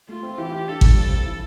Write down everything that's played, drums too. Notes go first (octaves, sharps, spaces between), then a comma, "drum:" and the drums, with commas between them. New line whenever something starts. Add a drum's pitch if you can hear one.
A3 F4
C4
E3 G4
F4
D4 A4
G3, drum: kick G#1
F2
F2
E3